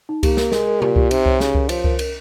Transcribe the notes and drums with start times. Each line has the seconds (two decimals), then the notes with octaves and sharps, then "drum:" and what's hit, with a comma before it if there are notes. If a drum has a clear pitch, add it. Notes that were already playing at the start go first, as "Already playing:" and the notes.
0.09 D#4
0.23 A#3 G4, drum: kick C2, cymbal
0.37 A#4, drum: snare
0.52 G#3 A#4, drum: snare
0.67 A#4
0.82 A#2 G4, drum: tom B2
0.96 G4, drum: kick C2
1.11 C3 D#4, drum: cymbal
1.26 C#5, drum: kick C2
1.40 C#3 G4, drum: snare
1.55 A#4, drum: kick C2
1.69 F3 C#5, drum: cymbal
1.84 A#4, drum: kick C2
1.99 A#4, drum: cymbal